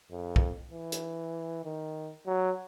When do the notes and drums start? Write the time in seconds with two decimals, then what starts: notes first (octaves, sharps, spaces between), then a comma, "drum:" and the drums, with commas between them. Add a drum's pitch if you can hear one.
0.11 F2
0.36 drum: kick B1
0.71 E3
0.92 drum: hi-hat
1.64 D#3
2.26 F#3